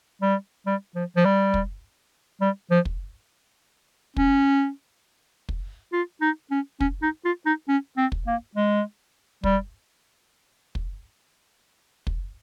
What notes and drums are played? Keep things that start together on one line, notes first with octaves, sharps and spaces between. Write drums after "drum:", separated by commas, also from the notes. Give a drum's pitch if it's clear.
G3
G3
F3
F3
G3
drum: kick
G3
F3
drum: kick
C#4, drum: kick
drum: kick
F4
D#4
C#4
C#4, drum: kick
D#4
F4
D#4
C#4
C4
drum: kick
A#3
G#3
G3, drum: kick
drum: kick
drum: kick